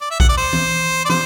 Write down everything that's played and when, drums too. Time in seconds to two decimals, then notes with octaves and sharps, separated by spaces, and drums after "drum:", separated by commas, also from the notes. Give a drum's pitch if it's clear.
0.01 D5
0.11 E5
0.20 F#5, drum: kick A#1
0.29 D5
0.38 C5
0.53 drum: tom E3
1.05 D5
1.10 C5, drum: tom